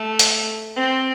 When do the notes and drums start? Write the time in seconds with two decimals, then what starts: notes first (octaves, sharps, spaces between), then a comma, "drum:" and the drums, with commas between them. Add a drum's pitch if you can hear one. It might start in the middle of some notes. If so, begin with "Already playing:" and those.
Already playing: A3
0.19 drum: hi-hat
0.77 C4